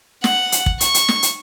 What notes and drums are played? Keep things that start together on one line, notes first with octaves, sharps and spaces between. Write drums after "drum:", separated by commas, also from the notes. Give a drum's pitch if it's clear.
F#5, drum: snare
drum: hi-hat
drum: kick
C#6, drum: hi-hat
drum: hi-hat
drum: snare
drum: hi-hat